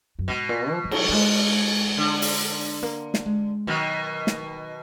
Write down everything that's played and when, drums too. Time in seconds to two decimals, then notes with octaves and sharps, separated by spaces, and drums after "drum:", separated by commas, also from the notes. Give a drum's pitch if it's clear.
0.19 F#2
0.28 G#2 B2
0.49 A#2
0.71 F3
0.84 F3
0.91 F#3, drum: cymbal
1.09 F#3
1.12 G#3
1.97 D3
2.22 drum: open hi-hat
2.83 A#3
3.14 drum: snare
3.26 G#3
3.67 B2 D#3 F#3
4.27 drum: snare